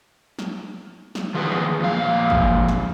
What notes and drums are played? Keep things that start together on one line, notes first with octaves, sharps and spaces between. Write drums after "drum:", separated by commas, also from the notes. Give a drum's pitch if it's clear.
drum: snare
drum: snare
D#3 F3 G#4 B4
F2 A#2 F5
drum: kick
drum: snare